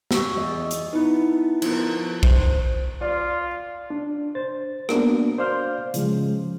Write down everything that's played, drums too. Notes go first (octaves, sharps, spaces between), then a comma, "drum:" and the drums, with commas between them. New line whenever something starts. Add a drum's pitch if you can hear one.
C#6 E6, drum: snare
E2 D#5
drum: hi-hat
B3 D#4 E4 B4
F3 B3 A#4, drum: cymbal
D#3 C5, drum: kick B1
F4 D5
D4
C5 A6
A#3 B3 D4 F#4 A#4, drum: rim click
C5 D5 F5 C6 F6 G6
C#3 F3 G#3, drum: hi-hat